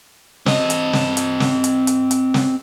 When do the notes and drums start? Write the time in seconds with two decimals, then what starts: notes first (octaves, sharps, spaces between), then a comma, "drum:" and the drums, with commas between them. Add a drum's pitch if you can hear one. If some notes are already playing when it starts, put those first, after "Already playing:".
0.46 C4 D#5, drum: snare
0.70 drum: hi-hat
0.93 drum: snare
1.17 drum: hi-hat
1.40 drum: snare
1.64 drum: hi-hat
1.87 drum: hi-hat
2.11 drum: hi-hat
2.34 drum: snare